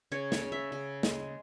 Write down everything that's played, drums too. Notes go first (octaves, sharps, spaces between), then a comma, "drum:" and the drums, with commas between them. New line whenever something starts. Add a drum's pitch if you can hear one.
C#3 C#5
C#5, drum: snare
C#3
E5
C#3
G#3, drum: snare